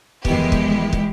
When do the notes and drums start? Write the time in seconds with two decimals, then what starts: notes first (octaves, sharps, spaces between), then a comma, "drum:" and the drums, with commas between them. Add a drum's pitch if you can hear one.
0.25 E2 B2 D#3 F3 G#3 E4 G4, drum: kick
0.52 drum: kick
0.93 drum: kick